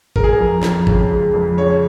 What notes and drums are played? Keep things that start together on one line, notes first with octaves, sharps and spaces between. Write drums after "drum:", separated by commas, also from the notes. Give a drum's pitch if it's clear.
G#3 A#4, drum: kick
G#4
A#4
F2
F2, drum: snare
C#3, drum: kick
G#3
F2
C#3 C#5